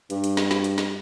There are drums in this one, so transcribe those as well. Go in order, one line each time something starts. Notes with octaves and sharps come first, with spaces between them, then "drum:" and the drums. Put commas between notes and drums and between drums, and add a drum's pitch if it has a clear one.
G2, drum: hi-hat
drum: hi-hat
drum: snare
drum: snare
drum: hi-hat
drum: snare